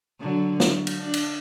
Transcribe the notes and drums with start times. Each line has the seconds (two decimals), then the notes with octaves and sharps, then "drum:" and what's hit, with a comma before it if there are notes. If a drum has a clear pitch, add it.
0.20 D3 F#3
0.60 F#3, drum: snare
0.87 drum: cymbal
1.01 D4
1.14 drum: cymbal